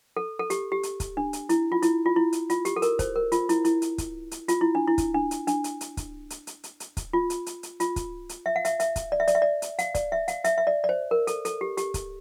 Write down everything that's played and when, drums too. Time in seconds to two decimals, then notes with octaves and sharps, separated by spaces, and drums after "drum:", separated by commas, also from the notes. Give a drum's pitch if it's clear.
0.17 A4
0.39 A4
0.50 G4, drum: hi-hat
0.72 G4
0.83 drum: hi-hat
1.00 drum: kick, hi-hat
1.17 D4
1.33 drum: hi-hat
1.49 E4, drum: hi-hat
1.72 F4
1.82 E4, drum: hi-hat
2.06 F4
2.16 E4
2.32 drum: hi-hat
2.50 F4, drum: hi-hat
2.65 G4, drum: hi-hat
2.76 A4
2.82 A#4, drum: hi-hat
2.99 C5, drum: kick, hi-hat
3.16 A#4
3.32 F4, drum: hi-hat
3.49 E4, drum: hi-hat
3.65 E4, drum: hi-hat
3.82 drum: hi-hat
3.98 drum: kick, hi-hat
4.31 drum: hi-hat
4.48 F4, drum: hi-hat
4.61 E4
4.75 D4
4.87 E4
4.98 drum: kick, hi-hat
5.14 D4
5.31 drum: hi-hat
5.47 D4, drum: hi-hat
5.64 drum: hi-hat
5.81 drum: hi-hat
5.97 drum: kick, hi-hat
6.30 drum: hi-hat
6.47 drum: hi-hat
6.64 drum: hi-hat
6.80 drum: hi-hat
6.97 drum: kick, hi-hat
7.13 F4
7.30 drum: hi-hat
7.46 drum: hi-hat
7.63 drum: hi-hat
7.80 F4, drum: hi-hat
7.96 drum: kick, hi-hat
8.29 drum: hi-hat
8.46 E5
8.56 F5
8.65 E5, drum: hi-hat
8.80 E5, drum: hi-hat
8.96 drum: kick, hi-hat
9.12 D5
9.20 E5
9.28 D5, drum: hi-hat
9.35 E5
9.42 D5
9.62 drum: hi-hat
9.79 F5, drum: hi-hat
9.95 D5, drum: kick, hi-hat
10.12 E5
10.28 F5, drum: hi-hat
10.44 E5, drum: hi-hat
10.58 E5
10.67 D5
10.84 D5
10.89 C5
11.11 A#4
11.27 A4, drum: hi-hat
11.45 A4, drum: hi-hat
11.61 G4
11.77 G4, drum: hi-hat
11.94 drum: kick, hi-hat